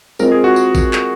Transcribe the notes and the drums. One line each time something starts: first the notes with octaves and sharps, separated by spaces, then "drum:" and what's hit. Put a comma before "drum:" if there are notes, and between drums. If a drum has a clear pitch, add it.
G#3 C4 F4 A#4 C5 D#5, drum: tambourine
G#4
F#4
drum: tambourine
drum: kick G#1, tambourine
drum: clap